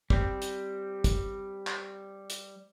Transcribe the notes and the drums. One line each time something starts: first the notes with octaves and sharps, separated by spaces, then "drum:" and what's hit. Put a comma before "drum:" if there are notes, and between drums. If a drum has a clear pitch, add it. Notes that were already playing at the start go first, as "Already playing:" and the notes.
G3 C4, drum: kick
drum: hi-hat
drum: kick, hi-hat
drum: clap
drum: hi-hat